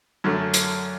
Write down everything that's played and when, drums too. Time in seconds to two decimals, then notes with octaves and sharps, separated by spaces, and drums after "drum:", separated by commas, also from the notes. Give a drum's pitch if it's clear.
0.24 F#2 D3 F#3 A3
0.54 drum: hi-hat